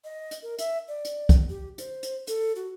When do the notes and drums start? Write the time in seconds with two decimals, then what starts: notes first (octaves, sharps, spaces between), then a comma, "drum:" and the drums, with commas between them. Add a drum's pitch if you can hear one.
0.04 D#5
0.31 drum: hi-hat
0.43 A#4
0.58 E5, drum: hi-hat
0.88 D5
1.05 drum: hi-hat
1.29 drum: kick, hi-hat
1.49 G4
1.78 C5, drum: hi-hat
2.03 drum: hi-hat
2.27 A4, drum: hi-hat
2.56 F#4